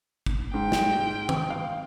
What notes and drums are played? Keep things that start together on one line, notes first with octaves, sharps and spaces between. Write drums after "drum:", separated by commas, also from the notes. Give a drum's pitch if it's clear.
drum: kick
G#2 G5
drum: snare
drum: tom
F5